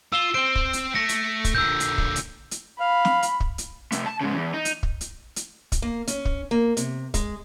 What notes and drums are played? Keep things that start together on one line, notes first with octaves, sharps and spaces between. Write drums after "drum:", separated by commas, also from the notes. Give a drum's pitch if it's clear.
F4 E6 E7 G7
C4 C5 D7 G7
drum: kick
drum: hi-hat
A3 A#6 C#7
drum: hi-hat
drum: kick, hi-hat
A#2 D3 E6 G6
drum: hi-hat
drum: kick
drum: hi-hat
drum: hi-hat
F5 B5
drum: snare
drum: hi-hat
drum: kick
drum: hi-hat
C3 A3, drum: hi-hat
A5
G#2 C#3
E2
D#4
drum: hi-hat
drum: kick
drum: hi-hat
drum: hi-hat
drum: kick, hi-hat
A#3
C#4, drum: hi-hat
drum: kick
A#3
C3, drum: hi-hat
G#3, drum: kick, hi-hat